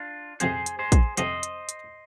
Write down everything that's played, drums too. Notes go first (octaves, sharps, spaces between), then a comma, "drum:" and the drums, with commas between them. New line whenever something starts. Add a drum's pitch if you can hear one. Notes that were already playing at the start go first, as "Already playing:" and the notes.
Already playing: D4 F4
F2 C3 F3 C4 G#4 C5, drum: hi-hat
drum: hi-hat
G#4 C5
drum: kick, hi-hat
F2 C3 F3 C4 C5 D#5, drum: hi-hat
drum: hi-hat
drum: hi-hat